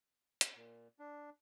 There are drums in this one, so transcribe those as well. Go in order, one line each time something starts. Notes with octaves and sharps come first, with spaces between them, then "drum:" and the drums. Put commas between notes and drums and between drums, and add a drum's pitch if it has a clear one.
drum: hi-hat
A#2
D4